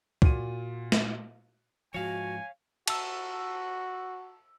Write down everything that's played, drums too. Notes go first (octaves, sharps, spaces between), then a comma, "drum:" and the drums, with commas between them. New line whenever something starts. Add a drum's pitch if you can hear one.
A#2 F#4 D#7, drum: kick
drum: snare
G#2 F3 F#4 C#5 F5 G#5
F#4 A5 E6, drum: cymbal